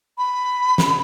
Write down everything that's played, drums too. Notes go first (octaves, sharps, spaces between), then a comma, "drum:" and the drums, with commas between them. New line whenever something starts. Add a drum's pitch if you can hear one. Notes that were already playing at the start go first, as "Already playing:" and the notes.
B5
drum: snare